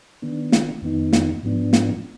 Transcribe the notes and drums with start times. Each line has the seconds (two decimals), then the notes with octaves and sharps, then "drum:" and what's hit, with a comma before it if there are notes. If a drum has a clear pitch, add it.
0.22 D#3 B3 D4
0.52 drum: snare
0.82 F2 D#3 B3 D#4
1.13 drum: snare
1.43 G#2 F3 B3 D4
1.73 drum: snare